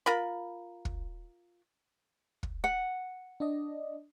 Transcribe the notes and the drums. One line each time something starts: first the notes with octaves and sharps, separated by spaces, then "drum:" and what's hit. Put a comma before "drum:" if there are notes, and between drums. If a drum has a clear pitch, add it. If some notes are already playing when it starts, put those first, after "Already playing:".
F4 A#4 B5
drum: kick
drum: kick
F#5
D4 D5 D#5